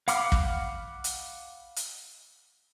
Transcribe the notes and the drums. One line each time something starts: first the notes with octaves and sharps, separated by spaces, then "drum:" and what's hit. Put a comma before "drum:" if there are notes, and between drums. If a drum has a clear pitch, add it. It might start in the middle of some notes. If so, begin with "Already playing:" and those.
F5 F#5 B5 D6 F6, drum: hi-hat
drum: kick
drum: hi-hat
drum: hi-hat